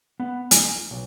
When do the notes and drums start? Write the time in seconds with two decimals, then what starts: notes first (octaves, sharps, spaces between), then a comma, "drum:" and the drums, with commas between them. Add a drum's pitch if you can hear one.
0.20 B3
0.51 G#5, drum: hi-hat
0.91 B1